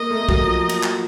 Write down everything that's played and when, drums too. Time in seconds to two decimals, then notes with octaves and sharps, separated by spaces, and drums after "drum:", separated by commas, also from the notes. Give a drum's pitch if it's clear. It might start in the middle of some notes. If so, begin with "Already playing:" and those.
Already playing: A#3 D#5
0.10 A3
0.22 A3
0.29 F#3, drum: kick
0.47 F3
0.69 drum: cymbal
0.83 drum: clap